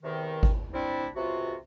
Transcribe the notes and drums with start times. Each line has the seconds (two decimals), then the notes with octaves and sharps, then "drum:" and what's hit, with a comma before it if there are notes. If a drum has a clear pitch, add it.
0.02 E2 C3 D#3
0.43 drum: kick G#1
0.73 G3 C4 D4 E4
1.15 C#2 C3 F4 F#4